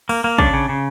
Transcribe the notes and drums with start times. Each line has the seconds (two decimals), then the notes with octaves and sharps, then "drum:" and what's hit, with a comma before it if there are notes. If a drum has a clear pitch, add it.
0.09 A#3, drum: cymbal
0.24 A#3
0.38 C#3 D4 D5, drum: kick
0.53 C#3
0.69 C#3